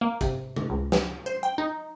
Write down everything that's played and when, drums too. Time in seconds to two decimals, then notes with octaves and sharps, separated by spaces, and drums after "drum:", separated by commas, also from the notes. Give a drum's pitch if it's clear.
0.01 A#3
0.21 C3, drum: kick, hi-hat
0.56 drum: tom C3
0.70 C#2
0.92 drum: snare
1.26 C5
1.43 G5
1.58 D#4